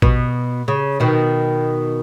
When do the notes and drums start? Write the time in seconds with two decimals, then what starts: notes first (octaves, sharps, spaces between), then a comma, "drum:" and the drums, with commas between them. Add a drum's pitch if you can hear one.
0.02 B2, drum: kick A1
0.68 C#3
1.00 B2 D#3